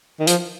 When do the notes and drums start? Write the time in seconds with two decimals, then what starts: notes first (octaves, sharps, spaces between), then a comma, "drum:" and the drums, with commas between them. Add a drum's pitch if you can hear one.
0.20 D#3
0.27 F3, drum: hi-hat